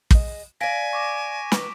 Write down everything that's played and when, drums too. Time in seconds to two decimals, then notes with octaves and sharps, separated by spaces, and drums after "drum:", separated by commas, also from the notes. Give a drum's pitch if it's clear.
0.11 G#4 D#5, drum: kick
0.61 D5 F5 G#5 A#6 B6 D7
0.93 C#6 D6 A#6
1.52 D#3 B4, drum: snare